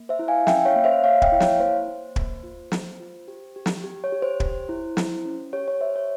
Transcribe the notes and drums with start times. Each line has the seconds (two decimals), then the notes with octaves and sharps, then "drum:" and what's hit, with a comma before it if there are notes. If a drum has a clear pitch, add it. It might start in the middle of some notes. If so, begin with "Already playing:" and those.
Already playing: A#3
0.09 C5 E5
0.19 E4
0.28 F5 G#5
0.47 C#4 E5 G5, drum: snare
0.65 C#5 F5
0.76 A#3
0.84 C5 E5
1.03 A#3 C#5 F5
1.22 E5 G5, drum: kick
1.32 E4
1.40 C#5 F5, drum: snare
1.59 A#3 C5
1.88 A#3
2.16 A#3, drum: kick
2.43 F4
2.72 A#3, drum: snare
3.00 F4
3.28 G4
3.56 G4
3.66 drum: snare
3.84 G4
4.04 C#5
4.12 G4
4.22 C5
4.40 G4 C5, drum: kick
4.69 E4
4.97 E4, drum: snare
5.25 C#4
5.53 G4 C#5
5.68 C#5
5.81 G4 C5 E5
5.96 C#5